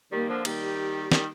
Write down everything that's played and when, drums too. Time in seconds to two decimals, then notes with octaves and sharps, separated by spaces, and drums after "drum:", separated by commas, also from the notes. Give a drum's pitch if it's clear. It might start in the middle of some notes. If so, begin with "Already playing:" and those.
0.12 D#3 G3 A#3
0.28 D3 F3
0.45 D#3 G3, drum: cymbal
0.62 G4
1.12 D#3 G3, drum: snare